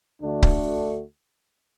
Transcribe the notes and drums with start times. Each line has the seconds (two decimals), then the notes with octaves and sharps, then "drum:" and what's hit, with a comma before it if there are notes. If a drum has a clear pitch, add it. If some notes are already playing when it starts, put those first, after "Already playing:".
0.22 D2 D3 A3 D4 F#4
0.43 drum: kick C#1